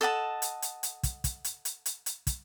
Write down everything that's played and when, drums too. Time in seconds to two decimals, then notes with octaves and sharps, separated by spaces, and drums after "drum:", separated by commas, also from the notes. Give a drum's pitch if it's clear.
0.01 A4 D#5 F#5 A5
0.42 drum: hi-hat
0.62 drum: hi-hat
0.83 drum: hi-hat
1.03 drum: kick, hi-hat
1.24 drum: kick, hi-hat
1.44 drum: hi-hat
1.65 drum: hi-hat
1.86 drum: hi-hat
2.06 drum: hi-hat
2.27 drum: kick, hi-hat